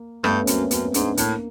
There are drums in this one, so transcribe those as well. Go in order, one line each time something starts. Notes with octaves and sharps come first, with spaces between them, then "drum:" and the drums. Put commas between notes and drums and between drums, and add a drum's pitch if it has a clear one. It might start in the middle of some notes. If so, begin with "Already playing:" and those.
Already playing: A#3
G2 A3 B3, drum: rim click
C#4
F#2 A#3 C4, drum: hi-hat
F#2 B3 C#4, drum: hi-hat
G#2 C4 D4, drum: hi-hat
A2 A#3, drum: hi-hat